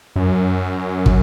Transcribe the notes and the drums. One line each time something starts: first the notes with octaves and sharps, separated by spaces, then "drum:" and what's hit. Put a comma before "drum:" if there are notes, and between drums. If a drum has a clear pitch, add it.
F#2
drum: kick